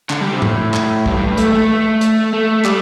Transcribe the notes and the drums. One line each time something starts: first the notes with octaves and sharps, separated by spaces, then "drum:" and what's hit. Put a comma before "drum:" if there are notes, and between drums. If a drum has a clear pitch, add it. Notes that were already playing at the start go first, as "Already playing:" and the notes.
D3, drum: clap
G3
C3
A2, drum: tom G#2
drum: clap
G2, drum: kick
G2
G2
A3, drum: hi-hat
A3
drum: hi-hat
A3
G3, drum: clap